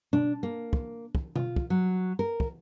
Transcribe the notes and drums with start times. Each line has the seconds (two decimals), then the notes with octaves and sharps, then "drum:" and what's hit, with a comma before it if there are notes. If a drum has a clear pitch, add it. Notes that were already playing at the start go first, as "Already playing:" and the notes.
0.13 D4, drum: tom B2
0.43 A#3
0.73 drum: kick
1.15 drum: kick
1.36 F4, drum: tom B2
1.56 drum: kick
1.70 F#3
2.19 A#4
2.40 drum: kick